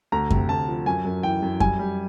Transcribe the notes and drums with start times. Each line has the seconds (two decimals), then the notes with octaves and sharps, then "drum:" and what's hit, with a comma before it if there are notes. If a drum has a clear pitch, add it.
0.12 D2 A#5
0.30 C3, drum: kick F#2
0.49 D2 A5
0.68 F3
0.86 F#2 G#5
1.05 F#2
1.23 E3 G5
1.43 F#2
1.60 G3 G#5, drum: kick F#2
1.79 G3